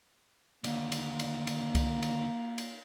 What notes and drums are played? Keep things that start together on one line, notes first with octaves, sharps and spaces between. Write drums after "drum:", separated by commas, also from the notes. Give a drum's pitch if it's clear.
D#2 D3 A#3, drum: cymbal
drum: cymbal
drum: cymbal
drum: cymbal
drum: kick C2, cymbal
drum: cymbal
drum: cymbal